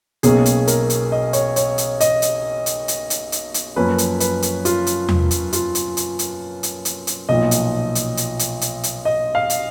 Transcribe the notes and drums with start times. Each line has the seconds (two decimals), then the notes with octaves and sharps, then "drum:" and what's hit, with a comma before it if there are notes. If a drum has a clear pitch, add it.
0.23 B1 B2 A#3 C#4 G#4, drum: hi-hat
0.46 drum: hi-hat
0.67 A#4, drum: hi-hat
0.90 drum: hi-hat
1.12 D#5
1.33 C#5, drum: hi-hat
1.56 C#5, drum: hi-hat
1.78 drum: hi-hat
2.00 D#5, drum: hi-hat
2.22 drum: hi-hat
2.66 drum: hi-hat
2.88 drum: hi-hat
3.10 drum: hi-hat
3.32 drum: hi-hat
3.54 drum: hi-hat
3.76 F#2 F3 A#3 C#4 B4
3.98 drum: hi-hat
4.20 B4, drum: hi-hat
4.42 drum: hi-hat
4.65 F4, drum: hi-hat
4.87 drum: hi-hat
5.09 drum: tom E2
5.31 drum: hi-hat
5.53 F4, drum: hi-hat
5.75 drum: hi-hat
5.97 drum: hi-hat
6.19 drum: hi-hat
6.63 drum: hi-hat
6.85 drum: hi-hat
7.07 drum: hi-hat
7.29 B1 A#2 F3 D#5
7.51 drum: hi-hat
7.95 drum: hi-hat
8.17 drum: hi-hat
8.39 drum: hi-hat
8.61 drum: hi-hat
8.83 drum: hi-hat
9.05 D#5
9.35 F5
9.50 drum: hi-hat